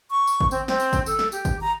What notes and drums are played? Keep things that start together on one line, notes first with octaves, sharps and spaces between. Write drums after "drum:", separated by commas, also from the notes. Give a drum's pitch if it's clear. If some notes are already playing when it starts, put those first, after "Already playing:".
C#6
drum: tambourine
drum: kick G#1
C4, drum: tambourine
C4, drum: snare
drum: tambourine
drum: kick G#1, tambourine
A4, drum: tambourine
drum: snare
G4, drum: tambourine
drum: kick G#1, tambourine
A#5